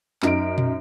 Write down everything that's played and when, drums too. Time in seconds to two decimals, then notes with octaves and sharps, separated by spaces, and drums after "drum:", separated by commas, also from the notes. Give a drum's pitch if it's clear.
0.22 F#2 D#4 D7, drum: clap
0.58 drum: tom